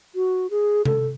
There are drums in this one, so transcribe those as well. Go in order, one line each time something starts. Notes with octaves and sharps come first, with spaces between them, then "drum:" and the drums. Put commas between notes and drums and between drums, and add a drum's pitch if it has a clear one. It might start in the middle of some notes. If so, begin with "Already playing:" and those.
F#4
G#4
A4, drum: tom C3